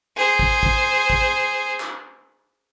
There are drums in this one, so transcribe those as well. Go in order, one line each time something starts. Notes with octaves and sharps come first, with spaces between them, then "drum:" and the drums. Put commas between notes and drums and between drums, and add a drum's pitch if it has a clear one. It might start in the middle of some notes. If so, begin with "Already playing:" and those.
G#4 C5
drum: kick
drum: kick
drum: kick
drum: clap